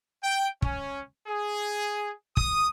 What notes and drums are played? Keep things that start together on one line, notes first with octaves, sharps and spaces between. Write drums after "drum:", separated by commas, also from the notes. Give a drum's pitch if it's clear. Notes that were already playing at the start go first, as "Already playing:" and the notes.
G5
C#4, drum: kick
G#4
D#6, drum: kick